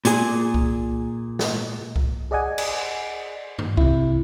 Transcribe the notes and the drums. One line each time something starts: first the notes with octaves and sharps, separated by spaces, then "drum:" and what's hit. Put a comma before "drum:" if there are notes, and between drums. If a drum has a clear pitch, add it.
A#2 G#4, drum: hi-hat
drum: kick C2
drum: snare
drum: kick C2
G#4 D5 D#5 F#5 G#5
drum: cymbal
drum: tom G2
C3 E4, drum: kick C2